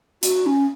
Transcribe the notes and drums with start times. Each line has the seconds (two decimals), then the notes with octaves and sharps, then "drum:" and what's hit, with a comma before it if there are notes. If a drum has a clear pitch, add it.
0.23 F#4, drum: hi-hat
0.46 C#4